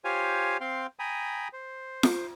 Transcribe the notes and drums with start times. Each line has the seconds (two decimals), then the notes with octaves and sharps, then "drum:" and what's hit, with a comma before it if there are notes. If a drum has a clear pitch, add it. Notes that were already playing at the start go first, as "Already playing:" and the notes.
0.05 F4 G4 C5 C#5 F5 G#5
0.61 C4 F5 G5 C6
0.99 G5 G#5 A#5 B5 D#6
1.53 C5
2.03 drum: snare F4